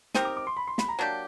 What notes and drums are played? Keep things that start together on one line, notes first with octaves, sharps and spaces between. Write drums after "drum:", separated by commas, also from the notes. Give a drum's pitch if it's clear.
C4 D#4 G4 A#4 D#6, drum: snare
D6
D6
C6
B5
C6
B5, drum: snare
A#5
F#3 A#3 D4 G4 A5